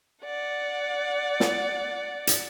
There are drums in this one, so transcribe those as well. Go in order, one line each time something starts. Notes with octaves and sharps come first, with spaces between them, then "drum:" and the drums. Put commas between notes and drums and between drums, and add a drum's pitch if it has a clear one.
D5 F#5
drum: snare
drum: hi-hat